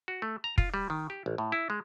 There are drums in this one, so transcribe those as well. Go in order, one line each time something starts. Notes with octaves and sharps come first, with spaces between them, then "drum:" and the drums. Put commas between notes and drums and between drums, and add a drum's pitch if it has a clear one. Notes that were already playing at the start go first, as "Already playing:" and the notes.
F#4
A3
A#5
F4, drum: kick
G3
D#3
G4
A1
A2
E4
G#3